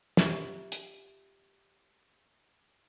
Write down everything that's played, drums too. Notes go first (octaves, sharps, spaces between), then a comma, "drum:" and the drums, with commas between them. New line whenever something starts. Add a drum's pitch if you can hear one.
F4 G4 E5, drum: snare
drum: hi-hat